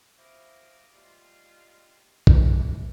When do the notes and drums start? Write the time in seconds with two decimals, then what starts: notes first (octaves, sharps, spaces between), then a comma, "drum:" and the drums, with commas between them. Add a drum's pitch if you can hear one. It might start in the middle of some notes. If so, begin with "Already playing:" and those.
0.19 E4 F#4 C5 D#5 F5 D6
0.94 G3 G#3 A#3 F4
2.27 E3 A3 C#4 D4, drum: kick